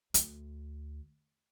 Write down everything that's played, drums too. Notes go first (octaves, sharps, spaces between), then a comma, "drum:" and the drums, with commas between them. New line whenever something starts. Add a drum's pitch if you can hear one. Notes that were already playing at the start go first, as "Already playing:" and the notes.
D2, drum: hi-hat